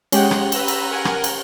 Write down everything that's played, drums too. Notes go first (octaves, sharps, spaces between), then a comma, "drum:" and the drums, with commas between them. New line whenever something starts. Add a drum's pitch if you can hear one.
G#3 C#4 G4 F#5 G5, drum: cymbal
drum: rim click
B4 A#5 E6, drum: cymbal
drum: cymbal
A#4 F#5 G#5
drum: rim click
drum: cymbal